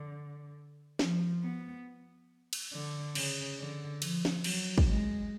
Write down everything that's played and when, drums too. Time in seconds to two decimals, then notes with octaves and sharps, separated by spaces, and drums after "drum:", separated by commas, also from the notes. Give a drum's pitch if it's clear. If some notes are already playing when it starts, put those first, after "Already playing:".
Already playing: D3
0.99 F3, drum: snare
1.43 B3
2.53 drum: cymbal
2.73 D3
3.15 C#3, drum: cymbal
3.58 D3
4.02 F3, drum: cymbal
4.25 drum: snare
4.44 F#3, drum: cymbal
4.78 drum: kick
4.88 G#3